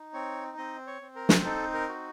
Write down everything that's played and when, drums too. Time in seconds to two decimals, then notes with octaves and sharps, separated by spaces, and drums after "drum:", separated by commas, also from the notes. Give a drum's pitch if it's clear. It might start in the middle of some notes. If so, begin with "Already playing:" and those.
Already playing: D#4
0.14 C4 C#5
0.57 C4 D#5
0.87 C#5
1.02 C4
1.16 A#4
1.29 drum: snare
1.45 D#4 A4
1.74 A#4
1.88 F#4